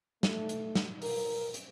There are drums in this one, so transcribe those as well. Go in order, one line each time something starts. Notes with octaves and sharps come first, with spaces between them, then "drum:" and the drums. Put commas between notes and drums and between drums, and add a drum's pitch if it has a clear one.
A3, drum: snare
drum: hi-hat
drum: snare
A#4, drum: open hi-hat
drum: hi-hat